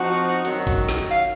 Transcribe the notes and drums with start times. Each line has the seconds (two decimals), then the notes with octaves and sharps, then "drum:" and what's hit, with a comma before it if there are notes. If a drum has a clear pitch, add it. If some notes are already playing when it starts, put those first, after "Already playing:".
Already playing: F3 C4 D#4 F#4 F#5
0.45 F#2 D#3 F#3, drum: hi-hat
0.67 drum: kick G#1, open hi-hat
0.89 drum: snare
1.11 F5